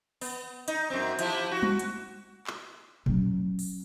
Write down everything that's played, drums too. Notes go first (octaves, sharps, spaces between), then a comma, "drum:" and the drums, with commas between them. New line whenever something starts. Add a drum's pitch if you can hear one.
B3, drum: open hi-hat
D#4, drum: hi-hat
F#2 C4
F3 E4 G4, drum: hi-hat
F#4
drum: tom G3
drum: hi-hat
drum: clap
F#3 C#4, drum: tom A#2
drum: open hi-hat